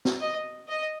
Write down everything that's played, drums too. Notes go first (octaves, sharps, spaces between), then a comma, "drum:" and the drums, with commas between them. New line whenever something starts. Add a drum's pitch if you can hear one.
drum: snare
D#5
D#5